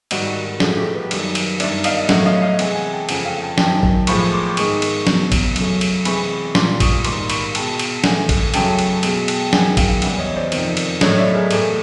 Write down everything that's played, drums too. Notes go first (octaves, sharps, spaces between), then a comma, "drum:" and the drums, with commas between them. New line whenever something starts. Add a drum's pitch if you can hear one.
G#2 D#3 G3 F#4, drum: cymbal
F#4
F#4
A2 F3 A3 F#4 G#4, drum: snare
G4 A4
A4 B4
F#2 D#3 G3, drum: cymbal
drum: cymbal
G2 D#3 G3 D5 E5, drum: cymbal
D#5 F5, drum: cymbal
A2 F#3 A3 E5 F#5, drum: snare
D#5 F5
D#5 F5
C3 E3 G#3 E5 F#5, drum: cymbal
F#5 G#5
G5 A5
F2 C#3 F3 A3 F#5 G#5, drum: cymbal
F5 G5
G5 A5
F#2 D#3 F#3 G5 A5, drum: snare
drum: kick
A2 F3 G#3 B5 C#6, drum: cymbal
C6 D6
D6
G#2 D#3 G#3 C#6 D#6, drum: cymbal
drum: cymbal
E2 B2 F#3, drum: snare
drum: kick, cymbal
F#2 C#3 F#3 A3, drum: cymbal
drum: cymbal
C3 E3 G#3 B5 C#6, drum: cymbal
A#2 G3 C6 D6, drum: snare
C#6 D#6, drum: kick, cymbal
G#2 D#3 G3 C6 D6, drum: cymbal
B5 C#6, drum: cymbal
B2 G#3 G5 A5, drum: cymbal
drum: cymbal
A2 E3 A3 F#5 G#5, drum: snare
drum: kick, cymbal
F#2 C#3 F#3 A3 G5 A5, drum: cymbal
drum: cymbal
B2 G#3, drum: cymbal
drum: cymbal
F#2 D#3 G#3 F#5 G#5, drum: snare
F5 G5, drum: kick, cymbal
E2 C#3 E3 G3 E5 F#5, drum: cymbal
C#5 D#5
C5 D5
F2 C3 D#3, drum: cymbal
drum: cymbal
A2 F#3 A3 C#5 D#5, drum: snare
D5 E5
G#4 A#4
A2 E3 A3 G4 A4, drum: cymbal